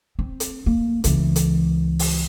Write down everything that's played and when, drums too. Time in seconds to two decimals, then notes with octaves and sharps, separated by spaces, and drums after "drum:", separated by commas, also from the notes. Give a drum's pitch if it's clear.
0.19 C4
0.40 drum: hi-hat
0.66 A#3
1.04 C#2 E3, drum: hi-hat
1.36 drum: hi-hat
1.99 drum: open hi-hat